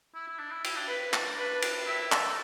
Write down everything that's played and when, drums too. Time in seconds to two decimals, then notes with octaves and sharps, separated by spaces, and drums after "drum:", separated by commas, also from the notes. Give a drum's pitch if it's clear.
0.15 E4
0.28 E4
0.39 D4
0.51 E4
0.64 E4, drum: cymbal
0.76 D4
0.88 B4
1.13 D4, drum: clap
1.38 B4
1.62 drum: cymbal
1.86 E4 E5
2.12 A4, drum: clap